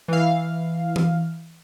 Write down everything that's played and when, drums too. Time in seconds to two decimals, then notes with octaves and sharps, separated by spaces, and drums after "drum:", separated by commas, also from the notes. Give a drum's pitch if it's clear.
0.08 E3 F5
0.96 drum: tom E3